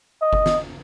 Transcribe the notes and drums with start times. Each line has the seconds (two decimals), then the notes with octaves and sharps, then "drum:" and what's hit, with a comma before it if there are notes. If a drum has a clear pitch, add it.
0.22 D#5
0.33 drum: kick F#1
0.46 drum: snare